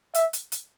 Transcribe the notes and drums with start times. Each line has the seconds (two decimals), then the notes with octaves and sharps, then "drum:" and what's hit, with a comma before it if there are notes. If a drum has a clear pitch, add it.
0.14 E5, drum: hi-hat
0.33 drum: hi-hat
0.52 drum: hi-hat